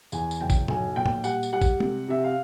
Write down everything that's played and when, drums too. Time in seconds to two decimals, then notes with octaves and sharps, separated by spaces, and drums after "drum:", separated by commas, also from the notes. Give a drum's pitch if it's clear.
0.12 E2 G#5, drum: tambourine
0.31 drum: tambourine
0.40 F#1 G5
0.50 drum: kick, tambourine
0.68 B1 G#5, drum: tom A2
0.96 A#2 G5
1.06 drum: tom A2
1.24 G3 F#5, drum: tambourine
1.43 drum: tambourine
1.52 G3 F#5
1.62 drum: kick, tambourine
1.80 C3, drum: tom
2.08 C3 E5
2.24 F5